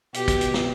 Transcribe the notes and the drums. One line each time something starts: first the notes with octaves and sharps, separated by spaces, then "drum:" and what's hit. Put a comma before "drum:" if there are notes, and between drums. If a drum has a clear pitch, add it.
B2 G4, drum: hi-hat
drum: kick, hi-hat
drum: hi-hat
drum: snare